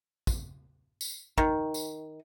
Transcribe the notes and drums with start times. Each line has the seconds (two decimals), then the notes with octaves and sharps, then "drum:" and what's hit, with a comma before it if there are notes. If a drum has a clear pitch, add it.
0.27 drum: kick, tambourine
1.01 drum: tambourine
1.38 D#3, drum: kick
1.74 drum: tambourine